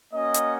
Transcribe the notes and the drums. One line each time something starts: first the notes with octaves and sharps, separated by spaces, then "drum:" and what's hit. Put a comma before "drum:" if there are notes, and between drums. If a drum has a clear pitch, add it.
A#3 C#4 F#4 D#5
drum: hi-hat